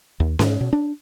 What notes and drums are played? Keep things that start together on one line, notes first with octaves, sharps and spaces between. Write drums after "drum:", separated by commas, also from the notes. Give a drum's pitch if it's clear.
D#2
G#2, drum: snare C#4
B2
D4